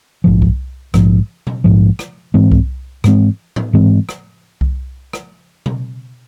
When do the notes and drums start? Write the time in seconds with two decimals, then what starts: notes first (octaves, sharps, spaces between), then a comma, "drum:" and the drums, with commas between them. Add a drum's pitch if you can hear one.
0.24 A#1 G#2 F3
0.42 drum: kick C2
0.94 A#1 G#2 F3, drum: rim click
1.47 drum: tom B2
1.64 A#1 G#2 F3
1.99 drum: rim click
2.34 G#2 E3 G#3 C4
2.51 drum: kick C2
3.04 G#2 E3 G#3 C4, drum: rim click
3.56 drum: tom A2
3.73 G#2 E3 G#3 C4
4.09 drum: rim click
4.61 drum: kick C2
5.13 drum: rim click
5.66 drum: tom B2